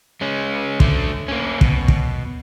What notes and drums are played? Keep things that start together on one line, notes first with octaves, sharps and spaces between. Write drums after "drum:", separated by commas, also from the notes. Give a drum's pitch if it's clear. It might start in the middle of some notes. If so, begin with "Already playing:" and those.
G#3 C#4
D3 A3, drum: kick
A#3 C#4
B2, drum: kick
drum: kick